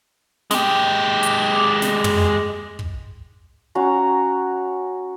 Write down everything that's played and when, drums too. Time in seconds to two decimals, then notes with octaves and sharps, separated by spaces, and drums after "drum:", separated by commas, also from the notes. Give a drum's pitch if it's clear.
0.51 G#3 G4, drum: snare
1.23 drum: hi-hat
1.82 drum: snare
2.04 drum: tom
2.79 drum: kick
3.75 C#4 F#4 F5 A#5